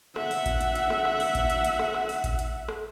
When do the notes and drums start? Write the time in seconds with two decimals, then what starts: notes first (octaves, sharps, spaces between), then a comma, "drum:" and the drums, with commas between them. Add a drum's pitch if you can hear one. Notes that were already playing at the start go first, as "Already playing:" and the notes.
0.16 E5 F#5, drum: rim click
0.31 drum: open hi-hat
0.46 drum: kick A1, hi-hat
0.61 drum: hi-hat
0.75 drum: hi-hat
0.90 drum: rim click
1.05 drum: rim click
1.20 drum: open hi-hat
1.35 drum: kick A1, hi-hat
1.50 drum: hi-hat
1.65 drum: hi-hat
1.79 drum: rim click
1.94 drum: rim click
2.09 drum: open hi-hat
2.24 drum: kick A1, hi-hat
2.39 drum: hi-hat
2.68 drum: rim click